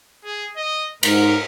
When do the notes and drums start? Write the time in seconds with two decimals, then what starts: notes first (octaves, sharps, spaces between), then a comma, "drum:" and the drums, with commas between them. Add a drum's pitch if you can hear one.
0.25 G#4
0.57 D#5
1.03 G#2 A#4, drum: cymbal